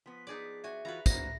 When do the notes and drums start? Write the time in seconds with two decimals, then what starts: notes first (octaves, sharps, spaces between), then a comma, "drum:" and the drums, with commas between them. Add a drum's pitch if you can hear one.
0.06 F3 B3 B6
0.27 D#4 G#4 D5
0.64 F#4 E5 G#5
0.85 E3 F4 F#4 B4 A#5
1.06 A#3 F#4 C5 A#6, drum: kick, tambourine